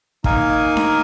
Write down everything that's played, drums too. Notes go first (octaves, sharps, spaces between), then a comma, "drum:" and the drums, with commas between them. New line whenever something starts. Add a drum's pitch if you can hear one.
A#3 D#4 A#4 F5 G#5, drum: kick
drum: snare D4